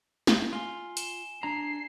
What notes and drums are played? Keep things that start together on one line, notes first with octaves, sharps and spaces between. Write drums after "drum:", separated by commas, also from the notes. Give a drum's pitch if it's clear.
drum: snare
F4 G#5 G7
E7 G7, drum: hi-hat
D4 A#5 G#6 C7